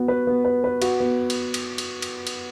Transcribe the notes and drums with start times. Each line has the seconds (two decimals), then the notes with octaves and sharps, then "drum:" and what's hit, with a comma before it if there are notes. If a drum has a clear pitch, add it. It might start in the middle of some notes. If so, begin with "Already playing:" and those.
Already playing: B3 F#4
0.08 B4
0.27 B3
0.45 B4
0.64 B4
0.82 F#4, drum: cymbal
1.00 B3
1.30 drum: cymbal
1.54 drum: cymbal
1.78 drum: cymbal
2.02 drum: cymbal
2.27 drum: cymbal